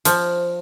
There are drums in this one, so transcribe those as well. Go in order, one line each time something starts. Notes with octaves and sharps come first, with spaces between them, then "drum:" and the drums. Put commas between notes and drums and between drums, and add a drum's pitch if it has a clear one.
F3, drum: hi-hat